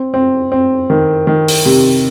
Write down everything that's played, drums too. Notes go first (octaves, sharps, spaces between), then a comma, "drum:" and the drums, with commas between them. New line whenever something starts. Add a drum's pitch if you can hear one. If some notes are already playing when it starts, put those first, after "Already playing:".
Already playing: C4
C4
C4
D#3
D#3
drum: open hi-hat
C3